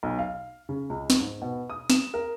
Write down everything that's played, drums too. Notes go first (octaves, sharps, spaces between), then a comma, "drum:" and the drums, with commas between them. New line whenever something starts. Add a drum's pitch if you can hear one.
B1
F5
C#3
C#2
drum: snare
G#2
B2
D#6
E7, drum: snare
A#4